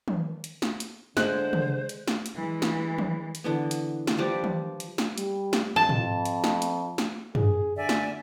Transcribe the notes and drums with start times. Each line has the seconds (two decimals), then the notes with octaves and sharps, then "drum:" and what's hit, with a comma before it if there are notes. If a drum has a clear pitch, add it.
0.08 drum: tom
0.44 drum: hi-hat
0.62 drum: snare
0.80 drum: hi-hat
1.17 D3 G#3 C5 F#6, drum: snare
1.53 drum: tom
1.89 drum: hi-hat
2.08 drum: snare
2.26 drum: hi-hat
2.36 E3 G#3
2.62 drum: snare
2.98 drum: tom
3.35 drum: hi-hat
3.44 D3 E3 B3
3.71 drum: hi-hat
4.07 drum: snare
4.17 F3 G3 B4 D5
4.44 drum: tom
4.80 drum: hi-hat
4.98 drum: snare
5.18 G3, drum: hi-hat
5.53 drum: snare
5.76 F2 A5
5.89 drum: tom
6.26 drum: hi-hat
6.44 drum: snare
6.62 drum: hi-hat
6.98 drum: snare
7.35 G#4, drum: tom
7.77 D3 D5 E5 G#5
7.89 drum: snare